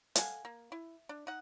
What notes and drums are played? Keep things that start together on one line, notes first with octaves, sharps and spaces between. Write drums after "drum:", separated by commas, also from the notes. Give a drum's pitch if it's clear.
A4 F5 F#5 G#5, drum: hi-hat
A#3
E4
D4
D#4 F#5